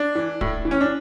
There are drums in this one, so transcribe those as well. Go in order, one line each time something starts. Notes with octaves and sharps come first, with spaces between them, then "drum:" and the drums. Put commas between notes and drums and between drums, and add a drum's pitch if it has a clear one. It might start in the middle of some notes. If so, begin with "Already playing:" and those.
Already playing: D4
E3
A2, drum: kick
E3
C#4
D4